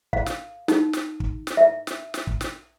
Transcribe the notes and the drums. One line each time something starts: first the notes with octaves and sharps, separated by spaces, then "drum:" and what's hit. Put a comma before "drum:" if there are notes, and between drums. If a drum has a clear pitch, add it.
F5, drum: kick
drum: snare
D#4, drum: snare
drum: snare
drum: kick
drum: snare
E5
drum: snare
drum: snare
drum: kick
drum: snare